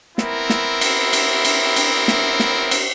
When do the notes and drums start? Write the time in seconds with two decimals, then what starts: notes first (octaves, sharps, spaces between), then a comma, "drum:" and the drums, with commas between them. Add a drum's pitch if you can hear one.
0.18 B3 C4 E4 A#4, drum: snare
0.50 drum: snare
0.81 drum: cymbal
1.13 drum: cymbal
1.45 drum: cymbal
1.76 drum: cymbal
2.08 drum: snare
2.40 drum: snare
2.71 drum: cymbal